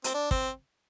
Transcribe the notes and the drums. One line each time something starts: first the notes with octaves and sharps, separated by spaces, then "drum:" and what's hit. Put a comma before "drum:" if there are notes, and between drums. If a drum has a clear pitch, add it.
C4, drum: hi-hat
D4
C4, drum: kick